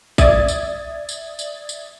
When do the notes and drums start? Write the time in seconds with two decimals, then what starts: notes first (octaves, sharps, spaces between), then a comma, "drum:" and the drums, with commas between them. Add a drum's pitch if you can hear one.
0.18 D5 E5 D#6 G#6 A6, drum: kick A1, tambourine
0.48 drum: tambourine
1.09 drum: tambourine
1.39 drum: tambourine
1.69 drum: tambourine